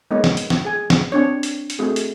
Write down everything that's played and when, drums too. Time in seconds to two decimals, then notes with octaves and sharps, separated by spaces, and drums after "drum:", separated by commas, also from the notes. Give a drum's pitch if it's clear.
0.11 G#3 A#3 B3 D#4 C#5 D#5
0.24 drum: snare
0.37 drum: hi-hat
0.50 drum: snare
0.65 G#4 G#5
0.90 drum: snare
1.12 C4 D4 C#5
1.43 drum: hi-hat
1.70 drum: hi-hat
1.79 A3 C4 F#4 G#4
1.96 drum: hi-hat